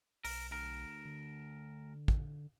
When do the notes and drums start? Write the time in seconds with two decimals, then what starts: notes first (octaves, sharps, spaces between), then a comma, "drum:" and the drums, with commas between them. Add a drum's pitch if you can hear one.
0.24 B1 A#4, drum: open hi-hat
0.51 D2 A#4
1.05 D3
2.08 drum: kick